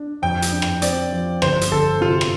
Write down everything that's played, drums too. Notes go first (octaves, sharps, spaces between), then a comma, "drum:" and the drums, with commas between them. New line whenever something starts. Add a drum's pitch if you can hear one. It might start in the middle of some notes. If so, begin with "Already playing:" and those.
Already playing: D4
F2 G5
drum: hi-hat
D4
drum: rim click
C4 D5, drum: hi-hat
F3
G1 C5, drum: rim click
drum: hi-hat
G1 A4
C3 F4
drum: rim click